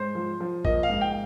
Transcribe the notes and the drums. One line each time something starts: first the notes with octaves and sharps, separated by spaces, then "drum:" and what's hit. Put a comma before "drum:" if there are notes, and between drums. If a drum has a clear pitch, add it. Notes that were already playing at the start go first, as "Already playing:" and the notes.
Already playing: G#2 C5
F3
F3
A#3 D#5, drum: kick A1
F5
G#2
G5